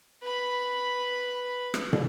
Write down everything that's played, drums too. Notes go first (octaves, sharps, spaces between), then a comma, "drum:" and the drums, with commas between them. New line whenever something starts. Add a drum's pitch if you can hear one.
B4 B5
drum: rim click
drum: tom